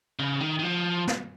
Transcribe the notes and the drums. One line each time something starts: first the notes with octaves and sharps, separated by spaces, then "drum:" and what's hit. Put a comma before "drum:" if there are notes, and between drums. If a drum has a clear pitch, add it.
C#3
D#3
D#3
F3
drum: snare